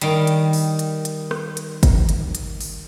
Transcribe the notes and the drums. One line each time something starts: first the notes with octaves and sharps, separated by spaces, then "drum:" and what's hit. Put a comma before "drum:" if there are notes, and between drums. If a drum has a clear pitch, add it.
D#3 G3, drum: hi-hat
drum: hi-hat
drum: open hi-hat
drum: hi-hat
drum: hi-hat
drum: rim click
drum: hi-hat
drum: kick, hi-hat
drum: hi-hat
drum: hi-hat
drum: open hi-hat